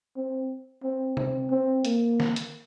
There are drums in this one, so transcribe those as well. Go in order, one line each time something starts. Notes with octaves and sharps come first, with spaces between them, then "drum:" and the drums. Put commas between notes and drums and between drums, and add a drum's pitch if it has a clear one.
C4
C4
C4, drum: tom C3
C4
A#3, drum: hi-hat
drum: snare
drum: hi-hat